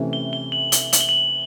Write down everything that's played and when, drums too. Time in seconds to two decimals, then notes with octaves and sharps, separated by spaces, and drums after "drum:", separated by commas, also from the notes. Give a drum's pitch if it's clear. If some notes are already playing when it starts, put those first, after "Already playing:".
Already playing: C3 E3 A3 C#4
0.13 G7
0.33 G7
0.52 F#7
0.72 G7, drum: hi-hat
0.93 F#7, drum: hi-hat
1.01 G7
1.09 F#7